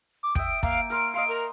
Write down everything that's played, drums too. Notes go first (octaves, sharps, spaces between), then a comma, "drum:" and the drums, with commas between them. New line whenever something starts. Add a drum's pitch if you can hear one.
D6
E5 G5 D#6 D7, drum: kick
A#3 F5, drum: kick
A#4 C6 F6
D#5 F5 C6
A#4